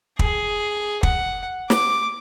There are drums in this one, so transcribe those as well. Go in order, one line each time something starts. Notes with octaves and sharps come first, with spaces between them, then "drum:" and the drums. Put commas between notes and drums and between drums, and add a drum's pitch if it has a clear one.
G#4, drum: kick
F#5, drum: kick
D6, drum: snare